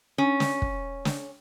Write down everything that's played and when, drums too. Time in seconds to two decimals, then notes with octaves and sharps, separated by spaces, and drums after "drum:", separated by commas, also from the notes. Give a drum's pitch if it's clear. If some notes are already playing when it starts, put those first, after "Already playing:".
0.18 C#4
0.40 drum: snare
0.62 drum: kick
1.05 drum: snare